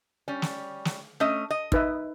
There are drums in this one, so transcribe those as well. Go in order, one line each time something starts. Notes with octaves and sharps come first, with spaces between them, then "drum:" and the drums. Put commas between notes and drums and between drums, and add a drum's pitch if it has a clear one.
G3 C#4 D5
drum: snare
drum: snare
A3 C#4 D#5
D#5
D#4 B4 E5, drum: kick